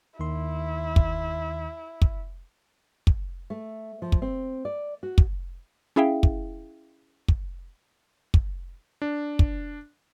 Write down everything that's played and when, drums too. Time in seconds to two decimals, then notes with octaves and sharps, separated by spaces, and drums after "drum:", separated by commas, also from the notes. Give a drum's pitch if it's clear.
0.19 D#2 D#3 E4 C6
0.96 drum: kick
2.02 drum: kick
3.07 drum: kick
3.50 A3
4.02 F3
4.12 drum: kick
4.22 C4
4.65 D5
5.03 F#4
5.18 drum: kick
5.96 C#4 E4 G#4 E5 F5 G5
6.23 drum: kick
7.28 drum: kick
8.34 drum: kick
9.02 D4
9.39 drum: kick